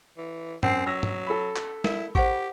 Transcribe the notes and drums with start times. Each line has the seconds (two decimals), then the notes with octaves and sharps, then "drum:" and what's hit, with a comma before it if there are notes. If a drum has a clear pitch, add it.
0.18 E3
0.63 F#2 C4 C#4 C7, drum: tom
0.86 F#3 E6 A#6
1.03 drum: tom
1.27 A4 B5
1.56 drum: clap
1.84 E4 A#4, drum: snare
2.15 G4 C5 F#5 C#6, drum: kick G#1